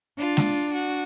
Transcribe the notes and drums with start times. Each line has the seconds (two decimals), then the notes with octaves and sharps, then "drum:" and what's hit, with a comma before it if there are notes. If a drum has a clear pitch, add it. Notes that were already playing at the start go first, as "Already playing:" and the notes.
0.18 D4 F4
0.37 drum: snare G#3
0.73 F#4